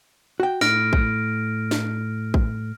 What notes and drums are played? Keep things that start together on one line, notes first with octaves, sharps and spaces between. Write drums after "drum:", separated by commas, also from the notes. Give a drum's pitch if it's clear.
F#4 G5
A2 F6 A#6 D7, drum: snare
drum: kick
drum: snare
drum: kick